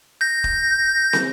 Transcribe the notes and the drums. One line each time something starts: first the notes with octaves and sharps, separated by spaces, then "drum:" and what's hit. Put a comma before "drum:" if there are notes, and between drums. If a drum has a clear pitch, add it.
G6 A#6
drum: kick
drum: snare